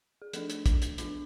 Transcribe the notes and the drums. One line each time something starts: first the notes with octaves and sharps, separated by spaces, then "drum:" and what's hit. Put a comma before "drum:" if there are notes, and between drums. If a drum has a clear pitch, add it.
G#4
F3 A3 D4 A4, drum: hi-hat
drum: hi-hat
drum: kick, hi-hat
drum: hi-hat
F3 B3 D4 F4, drum: hi-hat